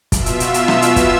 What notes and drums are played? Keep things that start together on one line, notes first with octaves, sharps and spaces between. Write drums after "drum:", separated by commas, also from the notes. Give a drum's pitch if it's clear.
B2 F4 E5 E6, drum: kick, hi-hat
drum: hi-hat
drum: hi-hat
drum: hi-hat
drum: rim click
drum: hi-hat
drum: kick, hi-hat